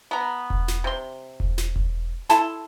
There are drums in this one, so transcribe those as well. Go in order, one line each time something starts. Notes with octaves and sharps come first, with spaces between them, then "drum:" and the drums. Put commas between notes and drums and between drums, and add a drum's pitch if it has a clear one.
B3 A#5
drum: kick E1
drum: snare
C3 C6
drum: kick E1
drum: snare
drum: kick E1
E4 A4 A5 C6, drum: snare